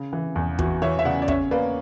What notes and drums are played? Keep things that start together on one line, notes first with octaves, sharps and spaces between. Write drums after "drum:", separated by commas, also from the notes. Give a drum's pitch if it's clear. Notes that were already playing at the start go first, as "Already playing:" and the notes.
Already playing: C#3
E3
E2
E3 F#4, drum: kick
E3 C#5 E5
E5
C#3 D5 F#5
D5
C#4 C#5 E5, drum: kick
A#3 B4 D5